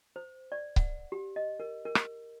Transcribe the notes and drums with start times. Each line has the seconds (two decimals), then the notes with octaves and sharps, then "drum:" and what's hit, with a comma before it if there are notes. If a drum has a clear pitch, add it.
0.16 C5
0.52 D5
0.76 F#5, drum: kick C#1
1.12 G4
1.36 D#5
1.60 A#4
1.85 A#4
1.95 drum: rim click